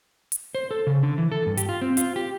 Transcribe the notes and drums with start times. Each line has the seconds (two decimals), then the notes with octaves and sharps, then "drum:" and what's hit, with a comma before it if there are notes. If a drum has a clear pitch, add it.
0.32 drum: hi-hat
0.55 C5
0.71 A4
0.87 C#3
1.03 D3
1.18 E3
1.32 A4
1.46 G2
1.57 G4, drum: hi-hat
1.69 F4
1.82 C4
1.97 F4, drum: hi-hat
2.16 G4